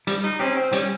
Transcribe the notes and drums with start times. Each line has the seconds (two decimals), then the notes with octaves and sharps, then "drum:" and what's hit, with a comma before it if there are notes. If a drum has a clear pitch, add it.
0.07 G3, drum: hi-hat
0.23 D#4
0.40 C4 C#4 G4
0.56 C4
0.73 G3 C#4, drum: hi-hat